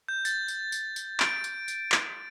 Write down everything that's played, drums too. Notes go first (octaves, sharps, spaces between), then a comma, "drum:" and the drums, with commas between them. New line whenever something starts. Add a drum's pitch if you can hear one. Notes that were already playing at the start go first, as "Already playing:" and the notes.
G6
A6, drum: tambourine
drum: tambourine
drum: tambourine
drum: tambourine
D7, drum: clap
drum: tambourine
drum: tambourine
drum: clap